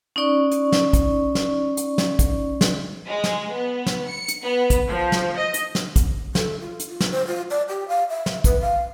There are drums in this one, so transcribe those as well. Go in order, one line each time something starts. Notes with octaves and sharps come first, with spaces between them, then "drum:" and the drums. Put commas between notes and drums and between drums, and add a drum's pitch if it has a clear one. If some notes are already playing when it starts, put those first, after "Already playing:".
C#4 D#4 D5 C#6
drum: hi-hat
drum: snare
drum: kick, hi-hat
drum: snare
drum: hi-hat
drum: snare
drum: kick, hi-hat
drum: snare
G#3
drum: snare
B3
drum: snare
C#7
drum: hi-hat
B3
drum: kick, hi-hat
F3
drum: snare
D#5
drum: hi-hat
drum: snare
drum: kick, hi-hat
A4, drum: snare
F4
drum: hi-hat
F4
drum: snare
C5
F4
D5
G4
F5
E5
drum: snare
B4, drum: kick, hi-hat
F5